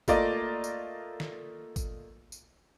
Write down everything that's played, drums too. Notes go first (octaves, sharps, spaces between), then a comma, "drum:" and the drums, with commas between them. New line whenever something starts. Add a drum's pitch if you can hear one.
A3 A#3 F4 D5 D#5, drum: kick, tambourine
drum: tambourine
drum: snare
drum: kick, tambourine
drum: tambourine